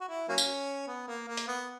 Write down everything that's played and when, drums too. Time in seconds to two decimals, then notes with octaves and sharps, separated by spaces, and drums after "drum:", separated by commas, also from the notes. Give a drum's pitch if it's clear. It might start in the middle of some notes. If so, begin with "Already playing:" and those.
0.01 F#4
0.08 E4
0.29 F#3 A#3 C#4
0.38 drum: tambourine
0.87 B3
1.08 A#3
1.27 A#3
1.37 drum: hi-hat
1.48 B3